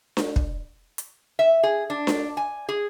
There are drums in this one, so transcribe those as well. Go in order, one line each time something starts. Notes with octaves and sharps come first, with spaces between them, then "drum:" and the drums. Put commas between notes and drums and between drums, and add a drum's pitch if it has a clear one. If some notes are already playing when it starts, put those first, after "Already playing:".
drum: snare D4
drum: kick
drum: hi-hat
E5
G#4
D4
drum: snare D4
G#5
G#4